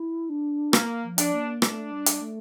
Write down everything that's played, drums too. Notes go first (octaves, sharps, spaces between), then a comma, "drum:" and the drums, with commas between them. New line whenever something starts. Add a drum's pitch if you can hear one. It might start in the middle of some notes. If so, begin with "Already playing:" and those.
Already playing: E4
D4
A#3, drum: rim click
F3
D4, drum: hi-hat
A#3
A3 D4, drum: rim click
G3
drum: hi-hat
A3